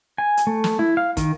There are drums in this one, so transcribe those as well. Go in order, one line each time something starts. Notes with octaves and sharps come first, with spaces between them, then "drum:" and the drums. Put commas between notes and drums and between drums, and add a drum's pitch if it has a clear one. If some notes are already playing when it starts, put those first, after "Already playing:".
G#5
drum: hi-hat
A3
drum: snare
E4
F5
D#3, drum: kick, hi-hat